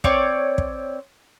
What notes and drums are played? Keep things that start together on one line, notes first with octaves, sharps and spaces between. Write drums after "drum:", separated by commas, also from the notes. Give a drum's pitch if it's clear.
C4 C#5 D5, drum: kick
drum: kick